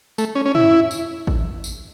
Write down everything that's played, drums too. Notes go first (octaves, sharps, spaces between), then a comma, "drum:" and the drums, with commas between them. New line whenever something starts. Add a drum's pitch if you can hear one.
A3, drum: tambourine
C#4
C#4
E4, drum: tom
drum: tambourine
drum: kick
drum: tambourine